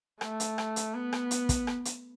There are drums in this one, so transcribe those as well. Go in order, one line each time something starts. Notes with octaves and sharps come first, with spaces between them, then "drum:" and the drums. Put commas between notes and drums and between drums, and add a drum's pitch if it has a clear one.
A3, drum: rim click
drum: hi-hat
drum: rim click
drum: hi-hat
B3
drum: rim click
drum: hi-hat
drum: kick, hi-hat
drum: rim click
drum: hi-hat